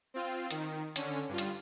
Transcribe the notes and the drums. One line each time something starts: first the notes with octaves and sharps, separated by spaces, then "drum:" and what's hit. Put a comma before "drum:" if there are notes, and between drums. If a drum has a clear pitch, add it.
C4 F4
D#3, drum: hi-hat
D3 C#4, drum: hi-hat
G2 F4
drum: hi-hat